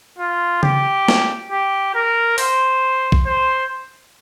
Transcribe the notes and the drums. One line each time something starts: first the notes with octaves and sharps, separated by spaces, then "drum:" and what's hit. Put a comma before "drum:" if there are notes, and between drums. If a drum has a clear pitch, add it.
F4
G4, drum: tom C#3
drum: snare
G4
A#4
C5, drum: open hi-hat
drum: kick
C5